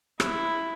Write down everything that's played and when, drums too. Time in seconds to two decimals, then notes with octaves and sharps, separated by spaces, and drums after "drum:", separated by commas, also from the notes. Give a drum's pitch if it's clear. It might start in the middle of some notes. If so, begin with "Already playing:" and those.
0.20 E4, drum: rim click